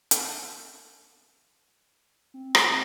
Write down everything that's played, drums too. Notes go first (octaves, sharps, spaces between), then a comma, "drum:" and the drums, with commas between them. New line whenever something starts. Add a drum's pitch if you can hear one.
drum: hi-hat
C4
drum: rim click